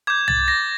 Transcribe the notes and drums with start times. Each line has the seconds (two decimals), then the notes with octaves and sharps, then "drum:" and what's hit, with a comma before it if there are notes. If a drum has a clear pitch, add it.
0.07 D6 G6 G#6
0.28 A6, drum: tom C2
0.48 A#6